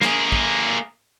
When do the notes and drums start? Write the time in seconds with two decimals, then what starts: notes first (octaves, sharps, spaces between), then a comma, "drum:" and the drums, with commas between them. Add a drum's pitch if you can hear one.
0.01 A#3 G#4, drum: snare
0.32 drum: kick